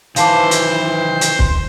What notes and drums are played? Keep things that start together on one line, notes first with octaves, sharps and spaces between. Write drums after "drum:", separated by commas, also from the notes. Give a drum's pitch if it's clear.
D#3 E3 B4 C5 F5 A5 D6, drum: hi-hat
drum: hi-hat
drum: hi-hat
drum: kick